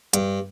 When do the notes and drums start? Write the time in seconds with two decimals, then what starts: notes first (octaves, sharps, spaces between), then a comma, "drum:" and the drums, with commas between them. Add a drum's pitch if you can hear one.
0.13 G2, drum: hi-hat